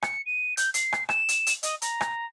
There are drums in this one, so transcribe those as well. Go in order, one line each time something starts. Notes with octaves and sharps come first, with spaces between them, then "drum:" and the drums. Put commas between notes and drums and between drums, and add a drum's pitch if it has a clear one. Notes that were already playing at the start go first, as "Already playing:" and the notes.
C#7, drum: rim click
D#7
G6, drum: hi-hat
C7, drum: hi-hat
drum: rim click
E7, drum: rim click
drum: hi-hat
drum: hi-hat
D#5, drum: hi-hat
A#5, drum: hi-hat
drum: rim click